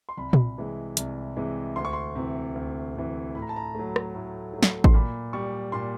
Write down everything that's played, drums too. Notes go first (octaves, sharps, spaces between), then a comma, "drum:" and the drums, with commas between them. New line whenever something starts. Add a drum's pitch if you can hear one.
C6
C2 B5
drum: tom A#2
C3 E3 G#3
C2, drum: hi-hat
C3 E3 G#3
D2 C6
C#6
C6
C3 E3
D2
C3 E3
A2 B5
A#5
A5
A#5
F#3 A3
drum: rim click
A2
F#3 A3
drum: snare
C6, drum: kick A1
A#2 B5
G3 C#6
A#2 C6